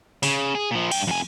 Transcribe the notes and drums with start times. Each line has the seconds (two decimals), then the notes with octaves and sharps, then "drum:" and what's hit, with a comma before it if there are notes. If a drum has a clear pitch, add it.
0.23 C#3, drum: open hi-hat
0.55 G#4
0.71 A#2 F3
0.92 G2 G5, drum: cymbal
1.08 F2 G#5